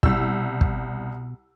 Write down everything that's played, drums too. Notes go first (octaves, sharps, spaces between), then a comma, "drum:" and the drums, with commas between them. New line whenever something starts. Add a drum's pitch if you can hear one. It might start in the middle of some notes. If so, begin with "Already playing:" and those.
C2 B2 E6, drum: kick
drum: kick